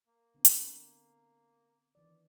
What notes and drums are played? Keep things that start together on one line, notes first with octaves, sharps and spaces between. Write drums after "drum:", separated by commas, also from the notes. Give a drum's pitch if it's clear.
A#3
D3 B3 C4
drum: hi-hat
D#3 E3 D5